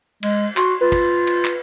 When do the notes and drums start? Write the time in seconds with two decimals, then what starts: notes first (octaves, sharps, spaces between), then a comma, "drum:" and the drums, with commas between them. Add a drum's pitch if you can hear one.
0.23 G#3, drum: cymbal
0.57 F#4 C6, drum: clap
0.81 F4 B4
0.92 drum: kick, cymbal
1.27 drum: cymbal
1.45 drum: clap